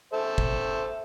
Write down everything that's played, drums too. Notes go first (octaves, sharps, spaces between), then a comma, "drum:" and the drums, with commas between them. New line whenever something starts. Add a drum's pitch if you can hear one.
A4 C5 E5
drum: kick